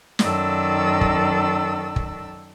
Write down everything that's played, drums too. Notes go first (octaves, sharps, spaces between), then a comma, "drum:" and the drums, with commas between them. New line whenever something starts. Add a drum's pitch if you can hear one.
F#2 D#3 A4 D5 E6, drum: snare
drum: kick
drum: kick